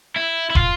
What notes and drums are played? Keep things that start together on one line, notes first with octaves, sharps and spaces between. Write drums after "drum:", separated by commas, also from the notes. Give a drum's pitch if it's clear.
E4
E4
F4, drum: kick